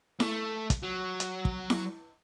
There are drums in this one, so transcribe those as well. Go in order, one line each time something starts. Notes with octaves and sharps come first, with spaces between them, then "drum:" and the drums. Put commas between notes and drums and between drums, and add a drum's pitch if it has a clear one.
A3, drum: snare E4
drum: kick, hi-hat
F#3
drum: hi-hat
drum: kick
drum: snare E4